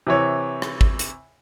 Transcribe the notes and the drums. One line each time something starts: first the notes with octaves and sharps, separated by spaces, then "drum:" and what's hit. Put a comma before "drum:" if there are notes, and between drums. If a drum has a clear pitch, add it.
C3 E3 C#5
drum: rim click
drum: kick
drum: hi-hat